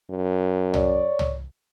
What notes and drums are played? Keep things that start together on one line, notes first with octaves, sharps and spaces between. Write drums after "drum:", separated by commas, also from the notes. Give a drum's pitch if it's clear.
F#2
C#5 D5, drum: tom
drum: tom